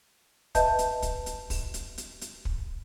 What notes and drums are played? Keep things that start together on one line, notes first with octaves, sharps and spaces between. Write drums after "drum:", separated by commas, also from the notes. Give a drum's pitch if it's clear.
B4 D#5 E5 A5 G6, drum: kick, hi-hat
drum: hi-hat
drum: kick, hi-hat
drum: hi-hat
drum: kick, open hi-hat
drum: hi-hat
drum: hi-hat
drum: hi-hat
drum: kick